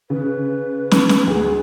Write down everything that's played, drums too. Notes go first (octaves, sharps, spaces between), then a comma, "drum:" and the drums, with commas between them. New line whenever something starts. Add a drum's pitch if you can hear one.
C#3 B4
drum: snare
drum: snare
D2 G#4